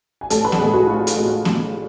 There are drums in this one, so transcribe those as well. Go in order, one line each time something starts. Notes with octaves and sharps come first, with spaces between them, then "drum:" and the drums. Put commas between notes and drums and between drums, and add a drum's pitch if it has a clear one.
G#5
A1 A4 A5, drum: hi-hat
B4 B5
F#5, drum: snare B3
A2 G#3 G#4 G#5
F#4 F#5
A1 F4 F5
drum: hi-hat
A2 G#3
A1, drum: snare B3